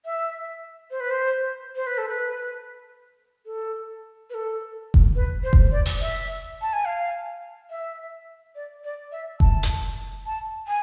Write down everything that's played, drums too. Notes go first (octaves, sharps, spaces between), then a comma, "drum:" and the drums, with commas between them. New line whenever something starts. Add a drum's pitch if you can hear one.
E5
C5
B4
C5
C5
B4
A4
B4
A4
B4
A4
drum: kick F1
B4
C5
drum: kick F1
D5
drum: open hi-hat
E5
A5
G#5
F5
E5
D5
D5
E5
A5, drum: kick F1
drum: hi-hat
A5
G#5